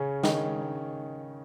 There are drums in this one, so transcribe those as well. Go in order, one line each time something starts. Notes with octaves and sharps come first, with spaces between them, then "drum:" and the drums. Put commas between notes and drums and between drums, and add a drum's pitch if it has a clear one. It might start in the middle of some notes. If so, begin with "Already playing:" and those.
Already playing: C#3 C#4
D#3 D#4, drum: snare